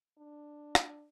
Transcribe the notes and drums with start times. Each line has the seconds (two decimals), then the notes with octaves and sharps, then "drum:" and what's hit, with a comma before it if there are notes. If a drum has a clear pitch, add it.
0.18 D4
0.75 drum: rim click